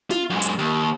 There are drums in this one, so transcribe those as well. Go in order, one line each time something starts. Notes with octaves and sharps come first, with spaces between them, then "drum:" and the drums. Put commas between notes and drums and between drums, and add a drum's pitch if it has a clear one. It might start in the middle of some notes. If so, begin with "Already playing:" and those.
F4, drum: snare
F#2 G#3
drum: hi-hat
D#2